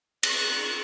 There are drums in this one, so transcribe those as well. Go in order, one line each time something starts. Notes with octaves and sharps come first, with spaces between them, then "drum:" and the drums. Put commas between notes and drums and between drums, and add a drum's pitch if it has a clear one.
C#6 F#6, drum: cymbal